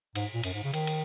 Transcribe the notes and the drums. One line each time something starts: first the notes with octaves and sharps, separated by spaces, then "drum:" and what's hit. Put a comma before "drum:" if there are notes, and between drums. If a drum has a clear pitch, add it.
G#2, drum: cymbal
A#2
F#2, drum: cymbal
G#2
C#3
D#3, drum: cymbal
drum: cymbal